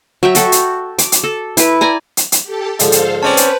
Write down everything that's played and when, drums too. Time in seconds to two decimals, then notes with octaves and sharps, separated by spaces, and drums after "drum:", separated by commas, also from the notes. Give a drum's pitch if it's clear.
0.23 F#3 E5 G5
0.35 F#4 A4 G5, drum: hi-hat
0.52 drum: hi-hat
0.98 D6, drum: hi-hat
1.12 drum: hi-hat
1.24 A4
1.57 E4 B4, drum: hi-hat
1.81 D5 G#5 A#5
2.17 drum: hi-hat
2.32 drum: hi-hat
2.43 G4 A4 A5
2.79 G#2 D3 F3 A4 C5 F5, drum: hi-hat
2.92 drum: hi-hat
3.23 C4 C#4 B4 C5 D5 A5
3.37 drum: hi-hat